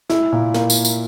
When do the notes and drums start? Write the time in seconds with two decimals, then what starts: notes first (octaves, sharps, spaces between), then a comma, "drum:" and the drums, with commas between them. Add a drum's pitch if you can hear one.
0.09 E4, drum: snare
0.32 A#2
0.54 A#3, drum: snare
0.70 drum: tambourine
0.85 drum: tambourine